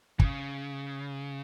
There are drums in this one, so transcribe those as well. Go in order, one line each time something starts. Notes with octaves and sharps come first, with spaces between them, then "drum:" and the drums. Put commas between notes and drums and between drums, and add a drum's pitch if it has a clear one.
E3, drum: kick
C#3